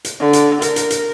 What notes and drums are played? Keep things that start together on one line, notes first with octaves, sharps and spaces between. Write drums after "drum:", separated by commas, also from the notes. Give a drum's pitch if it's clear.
drum: hi-hat
D3
drum: hi-hat
A#4, drum: hi-hat
drum: hi-hat
drum: hi-hat